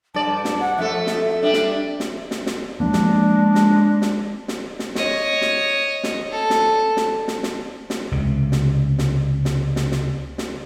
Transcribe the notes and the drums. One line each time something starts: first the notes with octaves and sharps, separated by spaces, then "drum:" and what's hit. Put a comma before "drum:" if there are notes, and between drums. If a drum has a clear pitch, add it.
G2 D5 A5
drum: snare
F#5
F2 A3 A4 E5
drum: snare
G3 D4
drum: snare
drum: snare
drum: snare
drum: snare
F3 G#3 A#3 B3 D4
drum: snare
drum: snare
drum: snare
drum: snare
drum: snare
C#5 D#5, drum: snare
drum: snare
drum: snare
A4
drum: snare
drum: snare
drum: snare
drum: snare
drum: snare
C#2 C3
drum: snare
drum: snare
drum: snare
drum: snare
drum: snare
drum: snare